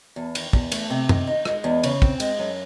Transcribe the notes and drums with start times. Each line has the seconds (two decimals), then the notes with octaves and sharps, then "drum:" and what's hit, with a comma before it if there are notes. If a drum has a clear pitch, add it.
0.16 E2
0.35 D#3, drum: cymbal
0.53 E2, drum: kick
0.72 A3, drum: cymbal
0.90 C3
1.09 D#3, drum: tom F#2
1.27 D#4
1.45 G#3, drum: rim click
1.64 E2
1.83 C#3, drum: cymbal
2.02 C4, drum: kick
2.20 G#3, drum: cymbal
2.39 F#2